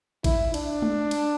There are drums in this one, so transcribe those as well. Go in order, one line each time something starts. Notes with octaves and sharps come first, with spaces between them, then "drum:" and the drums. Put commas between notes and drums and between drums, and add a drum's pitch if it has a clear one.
E4, drum: kick A1, cymbal
D4, drum: cymbal
drum: tom G#3
drum: cymbal